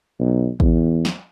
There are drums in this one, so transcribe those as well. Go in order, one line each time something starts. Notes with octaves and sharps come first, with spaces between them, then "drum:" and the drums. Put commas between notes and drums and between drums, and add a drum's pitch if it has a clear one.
B1
E2, drum: kick A1
drum: snare